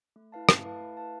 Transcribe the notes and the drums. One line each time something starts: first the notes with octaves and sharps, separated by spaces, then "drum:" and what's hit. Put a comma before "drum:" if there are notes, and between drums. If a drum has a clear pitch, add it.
A3
E4 B4 F5 A5
A3, drum: rim click
E4 B4 F5 A5
A3
E4 B4 F5 A5